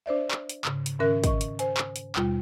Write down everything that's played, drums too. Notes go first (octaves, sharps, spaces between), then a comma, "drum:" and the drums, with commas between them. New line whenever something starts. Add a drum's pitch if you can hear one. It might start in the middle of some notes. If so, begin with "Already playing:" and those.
D4 C5 D5 E5
drum: clap
drum: hi-hat
G#2 C#3, drum: clap
drum: hi-hat
G#2 D#3 C#4 A#4 E5 F#6
D#5 C#6, drum: kick, hi-hat
drum: hi-hat
C5 G#5, drum: hi-hat
drum: clap
drum: hi-hat
D#2 B2 G3 F4, drum: clap